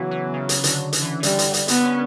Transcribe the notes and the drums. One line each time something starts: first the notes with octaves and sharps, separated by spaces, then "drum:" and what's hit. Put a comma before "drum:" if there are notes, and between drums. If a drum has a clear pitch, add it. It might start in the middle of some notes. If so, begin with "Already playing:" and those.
Already playing: C#3 E3 F#3 B3 F#4
E3
C#3
C#3, drum: hi-hat
D3, drum: hi-hat
D3, drum: hi-hat
E3
E3
D3 G3, drum: hi-hat
drum: hi-hat
drum: hi-hat
D3 B3, drum: hi-hat
C#4